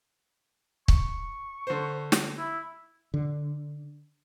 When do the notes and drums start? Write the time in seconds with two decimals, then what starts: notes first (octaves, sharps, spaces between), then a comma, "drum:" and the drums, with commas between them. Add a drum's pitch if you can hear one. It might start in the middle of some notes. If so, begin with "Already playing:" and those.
0.88 C#6, drum: kick
1.67 D3 C5
2.12 drum: snare
2.38 E4
3.14 D3